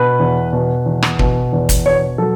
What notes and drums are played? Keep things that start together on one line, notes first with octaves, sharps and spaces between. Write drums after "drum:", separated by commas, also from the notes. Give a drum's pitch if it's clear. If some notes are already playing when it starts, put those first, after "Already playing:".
Already playing: B2 B4
E2
B2
E2
drum: rim click
B2, drum: kick
E2
drum: kick, hi-hat
B2 C#5
F#3 A4